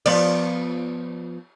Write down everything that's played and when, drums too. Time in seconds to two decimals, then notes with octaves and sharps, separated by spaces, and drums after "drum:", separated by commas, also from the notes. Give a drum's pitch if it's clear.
0.06 F3 B3 D5, drum: cymbal